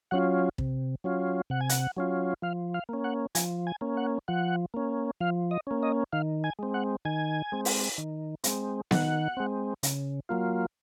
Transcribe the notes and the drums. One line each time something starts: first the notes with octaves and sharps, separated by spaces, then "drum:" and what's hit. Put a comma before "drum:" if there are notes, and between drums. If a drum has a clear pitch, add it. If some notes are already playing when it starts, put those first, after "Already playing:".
F#3 C#4 F4 F#5
C3, drum: kick
F#3 C#4 F4
C3 F#5
G#5
F#5, drum: hi-hat
F#3 C#4 F4
F3 F5
F5
A#3 C#4
F#5
F3 G#5, drum: hi-hat
G#5
A#3 C#4
F#5
F3 F#5
A#3 C#4
F3 F5
D#5
A#3 C#4
D#5
D#3 F5
G#5
G#3 C4
F#5
D#3 G#5
G#3 C4
drum: open hi-hat
D#3
G#3 C4, drum: hi-hat
D#3 F#5, drum: snare B3
G#3 C4
C#3, drum: hi-hat
F#3 A#3 F4